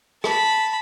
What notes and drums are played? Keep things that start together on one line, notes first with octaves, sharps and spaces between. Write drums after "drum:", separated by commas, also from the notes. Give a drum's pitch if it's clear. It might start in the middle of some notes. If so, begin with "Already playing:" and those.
A5 B5, drum: rim click